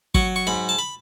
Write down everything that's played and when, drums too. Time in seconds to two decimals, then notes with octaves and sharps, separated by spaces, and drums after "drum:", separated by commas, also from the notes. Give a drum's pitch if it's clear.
0.14 F#3 C#6, drum: kick
0.36 C#6
0.47 G#2 B5
0.69 A5
0.78 B5